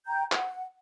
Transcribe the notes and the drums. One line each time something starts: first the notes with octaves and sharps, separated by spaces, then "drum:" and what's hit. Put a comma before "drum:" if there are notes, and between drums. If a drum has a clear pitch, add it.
G5 A#5 G6
F#5, drum: clap